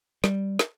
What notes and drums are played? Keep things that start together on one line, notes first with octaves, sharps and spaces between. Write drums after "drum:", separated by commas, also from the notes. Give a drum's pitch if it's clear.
G3, drum: snare
drum: snare